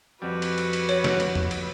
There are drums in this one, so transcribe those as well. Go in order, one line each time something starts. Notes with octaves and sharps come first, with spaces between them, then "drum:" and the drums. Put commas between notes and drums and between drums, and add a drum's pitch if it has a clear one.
F2 G3 F#4 B4
drum: cymbal
drum: cymbal
drum: cymbal
C#5, drum: cymbal
drum: snare
drum: cymbal
drum: tom E2
drum: cymbal